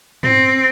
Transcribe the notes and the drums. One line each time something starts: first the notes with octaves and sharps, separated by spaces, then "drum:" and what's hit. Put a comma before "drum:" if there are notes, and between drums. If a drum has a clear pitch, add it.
C4, drum: tom